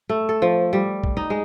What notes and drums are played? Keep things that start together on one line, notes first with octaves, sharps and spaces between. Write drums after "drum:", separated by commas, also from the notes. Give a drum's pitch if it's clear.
A3
A4
F3
G3
drum: kick
D#4
G#3